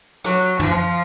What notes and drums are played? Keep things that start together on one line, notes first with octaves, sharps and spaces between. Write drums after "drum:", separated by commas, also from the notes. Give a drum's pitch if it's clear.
F#3, drum: rim click
F3, drum: tom